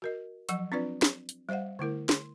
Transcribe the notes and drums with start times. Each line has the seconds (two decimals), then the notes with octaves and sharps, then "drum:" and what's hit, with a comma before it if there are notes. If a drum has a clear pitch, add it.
0.02 F#4 A#4 D#5
0.49 F3 F#3 F#5 C#6, drum: hi-hat
0.72 C4 D4 F4 B4 D5
1.02 drum: snare
1.29 drum: hi-hat
1.49 G3 C5 D#5 F5 F#5
1.79 D3 A3 E4 A#4
2.09 C6, drum: snare